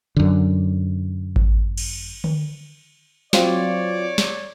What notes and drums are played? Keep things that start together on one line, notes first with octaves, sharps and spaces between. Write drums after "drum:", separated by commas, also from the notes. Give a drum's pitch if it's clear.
F#2 D3
drum: kick G#1
drum: cymbal
drum: tom D3
F#3 C4 F4 C#5 D5, drum: snare
drum: snare